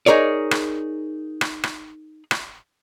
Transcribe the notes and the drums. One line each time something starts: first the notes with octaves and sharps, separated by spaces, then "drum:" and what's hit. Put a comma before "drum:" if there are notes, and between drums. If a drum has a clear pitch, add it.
D#4 G#4 A#4 C#5 D5
drum: rim click
drum: rim click
drum: rim click
drum: rim click